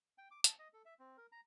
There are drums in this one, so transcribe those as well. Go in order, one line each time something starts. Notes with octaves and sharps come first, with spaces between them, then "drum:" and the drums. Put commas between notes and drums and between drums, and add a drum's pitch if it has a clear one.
G5
D6
A5, drum: hi-hat
D#5
A4
E5
C4
A#4
A#5